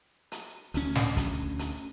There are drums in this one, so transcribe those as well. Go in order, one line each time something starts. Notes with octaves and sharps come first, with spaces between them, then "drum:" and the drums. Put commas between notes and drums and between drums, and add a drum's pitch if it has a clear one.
drum: hi-hat
D2 C#4, drum: hi-hat
drum: snare
drum: kick, hi-hat
drum: hi-hat